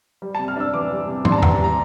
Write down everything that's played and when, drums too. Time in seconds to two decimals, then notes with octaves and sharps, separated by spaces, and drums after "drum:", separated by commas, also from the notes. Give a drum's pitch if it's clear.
0.22 G3
0.35 A5
0.39 C3
0.48 F6
0.57 D4 E6
0.74 E3 D6
0.91 G3
1.08 C3
1.25 D4 C6, drum: tom
1.32 A5
1.38 A#5
1.42 E3, drum: tom E2
1.60 G3 A#5